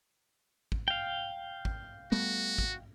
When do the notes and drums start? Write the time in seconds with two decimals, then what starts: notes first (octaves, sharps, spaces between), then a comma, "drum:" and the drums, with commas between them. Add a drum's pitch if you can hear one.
0.72 drum: kick
0.88 F5 G5
1.65 drum: kick
2.12 G3 A3 B3 F#4
2.58 drum: kick